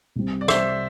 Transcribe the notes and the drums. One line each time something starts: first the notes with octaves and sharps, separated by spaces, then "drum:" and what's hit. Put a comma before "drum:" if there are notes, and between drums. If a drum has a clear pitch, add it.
C2 C3 G3 C4
D5
C5 E5, drum: rim click